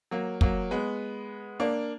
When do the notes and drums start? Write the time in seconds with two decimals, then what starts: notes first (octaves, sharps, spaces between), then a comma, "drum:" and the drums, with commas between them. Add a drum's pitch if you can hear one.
0.11 F#3 A#3
0.41 F#3 A#3, drum: kick
0.71 G#3 B3
1.60 A#3 D4